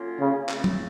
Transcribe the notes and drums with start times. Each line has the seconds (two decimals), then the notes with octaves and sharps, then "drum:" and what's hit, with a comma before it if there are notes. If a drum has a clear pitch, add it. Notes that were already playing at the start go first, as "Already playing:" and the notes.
Already playing: A2 F#3 A#3 C#4 F4
0.20 C#3
0.49 C#3 A3 C4, drum: clap
0.64 drum: tom